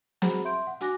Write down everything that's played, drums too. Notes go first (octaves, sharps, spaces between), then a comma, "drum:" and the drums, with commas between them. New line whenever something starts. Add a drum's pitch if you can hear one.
F#4 G#4 C5 F#5 A#5 B5, drum: snare
E5 C6 G6 D7
F#5
D4 F#4 G#5 D6 F#6 A#6, drum: hi-hat